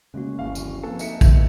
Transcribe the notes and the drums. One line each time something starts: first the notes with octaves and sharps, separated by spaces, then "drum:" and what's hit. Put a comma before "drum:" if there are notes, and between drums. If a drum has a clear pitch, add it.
C#3 G#3 A#3 C#4 F#4
D1 G1 D#3 F5
drum: tambourine
F3 A#3 C4 A4 B4 G#5
D#4 E5 C#7, drum: tambourine
drum: kick, tambourine